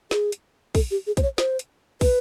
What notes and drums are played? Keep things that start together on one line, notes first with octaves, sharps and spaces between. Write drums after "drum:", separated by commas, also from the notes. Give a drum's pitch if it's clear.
G#4, drum: snare
drum: hi-hat
A4, drum: kick, open hi-hat
G4
G#4
C5, drum: kick, hi-hat
C#5
C5, drum: snare
drum: hi-hat
B4, drum: kick, open hi-hat